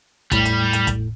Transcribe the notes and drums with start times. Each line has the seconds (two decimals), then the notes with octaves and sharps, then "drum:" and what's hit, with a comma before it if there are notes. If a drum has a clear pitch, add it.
0.31 E2 A2 G3, drum: kick, hi-hat
0.45 drum: hi-hat
0.73 drum: hi-hat
0.87 drum: kick, hi-hat